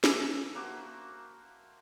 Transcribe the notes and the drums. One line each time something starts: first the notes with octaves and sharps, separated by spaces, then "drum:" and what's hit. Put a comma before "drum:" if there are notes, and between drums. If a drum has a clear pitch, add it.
A4 E5 G#5 D6, drum: snare
A#3 F#4 C5